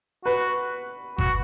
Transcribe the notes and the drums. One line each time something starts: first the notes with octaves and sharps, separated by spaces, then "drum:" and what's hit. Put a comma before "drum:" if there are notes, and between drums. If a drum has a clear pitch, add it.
F#4 B4
F#4, drum: kick G1